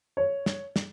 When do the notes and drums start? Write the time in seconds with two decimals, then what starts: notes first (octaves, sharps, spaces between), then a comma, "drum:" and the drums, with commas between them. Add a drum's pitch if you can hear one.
0.17 C#5
0.46 drum: snare
0.76 drum: snare